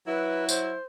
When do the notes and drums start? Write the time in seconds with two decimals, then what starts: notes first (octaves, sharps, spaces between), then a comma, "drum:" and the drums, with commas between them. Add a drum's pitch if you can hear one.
0.07 F#3 E4 B4
0.49 C5, drum: tambourine